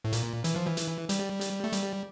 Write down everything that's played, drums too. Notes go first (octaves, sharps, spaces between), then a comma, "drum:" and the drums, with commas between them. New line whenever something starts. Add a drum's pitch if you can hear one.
A2
A#2, drum: hi-hat
E3, drum: hi-hat
F3
E3
drum: hi-hat
G3, drum: hi-hat
drum: hi-hat
A3
G3, drum: hi-hat